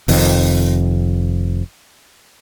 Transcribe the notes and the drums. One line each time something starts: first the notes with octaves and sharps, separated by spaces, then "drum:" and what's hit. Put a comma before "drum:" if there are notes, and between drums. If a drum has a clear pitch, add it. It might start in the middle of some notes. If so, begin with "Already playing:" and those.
F1 F2 D#3 C4, drum: open hi-hat